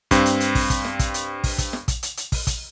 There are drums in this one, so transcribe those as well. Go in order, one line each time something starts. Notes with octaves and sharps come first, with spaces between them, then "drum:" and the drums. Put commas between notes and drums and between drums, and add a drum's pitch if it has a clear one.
G2 C4, drum: kick, hi-hat
drum: hi-hat
drum: hi-hat
drum: kick, open hi-hat
drum: kick, hi-hat
drum: snare
drum: kick, hi-hat
drum: hi-hat
drum: kick, open hi-hat
drum: kick, hi-hat
drum: snare
drum: kick, hi-hat
drum: hi-hat
drum: hi-hat
drum: kick, open hi-hat
drum: kick, hi-hat